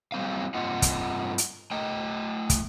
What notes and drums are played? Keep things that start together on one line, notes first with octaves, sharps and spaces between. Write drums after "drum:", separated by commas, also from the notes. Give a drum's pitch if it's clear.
F#3 G3 C4 F5
G2 C4 F4 D#5 F#5
drum: kick, hi-hat
drum: hi-hat
A3 D#5 G5
drum: kick, hi-hat